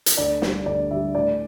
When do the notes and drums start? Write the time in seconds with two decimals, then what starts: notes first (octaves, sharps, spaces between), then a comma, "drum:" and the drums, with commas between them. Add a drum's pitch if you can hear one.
0.06 drum: hi-hat
0.17 D2 D5
0.42 D3 G3, drum: snare
0.66 D2 D5
0.91 D3 G3 E5
1.15 A2 D5